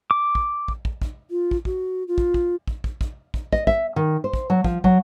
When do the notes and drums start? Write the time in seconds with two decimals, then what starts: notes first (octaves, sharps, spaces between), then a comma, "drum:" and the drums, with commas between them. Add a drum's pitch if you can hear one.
0.11 D6
0.35 drum: kick
0.68 drum: kick
0.85 drum: kick
1.02 drum: kick
1.29 F4
1.51 drum: kick
1.65 F#4, drum: kick
2.07 F4
2.18 drum: kick
2.34 drum: kick
2.68 drum: kick
2.84 drum: kick
3.01 drum: kick
3.34 drum: kick
3.53 D#5, drum: kick
3.67 E5, drum: kick
3.96 D#3
4.24 C5
4.33 drum: kick
4.50 F#3
4.64 F3, drum: kick
4.84 F#3, drum: kick